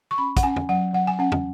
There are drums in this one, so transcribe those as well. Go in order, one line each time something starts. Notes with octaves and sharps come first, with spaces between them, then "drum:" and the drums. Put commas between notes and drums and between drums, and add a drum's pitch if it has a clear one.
C#6
C#4 B5
F#5, drum: kick, hi-hat
C#4 G#5
drum: tom
F#3 F#5
F#3 F#5
G#5
C#4 F#5
drum: tom